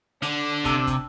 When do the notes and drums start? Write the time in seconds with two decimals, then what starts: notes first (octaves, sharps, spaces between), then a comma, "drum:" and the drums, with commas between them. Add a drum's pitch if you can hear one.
0.22 D3 D4, drum: hi-hat
0.65 C3 A5 E6, drum: kick, hi-hat
0.87 drum: kick, hi-hat